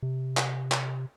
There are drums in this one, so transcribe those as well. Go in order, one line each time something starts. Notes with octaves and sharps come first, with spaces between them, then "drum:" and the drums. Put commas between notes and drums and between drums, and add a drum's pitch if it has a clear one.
C3
drum: clap
drum: clap